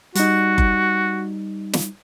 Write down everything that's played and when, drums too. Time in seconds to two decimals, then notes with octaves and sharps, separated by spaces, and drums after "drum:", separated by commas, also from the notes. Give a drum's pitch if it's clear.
0.15 G3 D#4 F#4, drum: hi-hat
0.58 drum: kick F#1
1.73 drum: snare